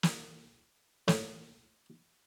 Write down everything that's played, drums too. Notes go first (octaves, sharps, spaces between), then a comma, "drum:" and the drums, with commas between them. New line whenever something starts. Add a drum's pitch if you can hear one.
drum: snare
A2, drum: snare